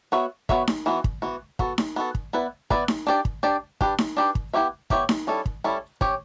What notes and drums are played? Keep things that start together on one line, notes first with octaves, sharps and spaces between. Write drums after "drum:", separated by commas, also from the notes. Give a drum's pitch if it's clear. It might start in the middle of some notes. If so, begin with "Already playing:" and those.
B3 F#4 C#5 E5
B3 F#4 C#5 E5, drum: kick
drum: snare D#4
E3 B3 F#4
drum: kick
E3 B3 F#4
B3 F#4 A4, drum: kick
drum: snare D#4
B3 F#4 A4
drum: kick
B3 E4 B4 D5
B3 E4 B4 D5, drum: kick
drum: snare D#4
D4 G4 D5
drum: kick
D4 G4 D5
D4 G4 B4, drum: kick
drum: snare D#4
D4 G4 B4
drum: kick
B3 E4 G4 C#5 E5
B3 E4 G4 C#5 E5, drum: kick
drum: snare D#4
G3 C#4 E4 A4
drum: kick
G3 C#4 E4 A4
C#4 G4 C#5, drum: kick